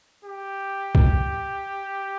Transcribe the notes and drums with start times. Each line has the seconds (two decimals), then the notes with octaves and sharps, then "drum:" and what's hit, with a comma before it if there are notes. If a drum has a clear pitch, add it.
0.25 G4
0.95 drum: kick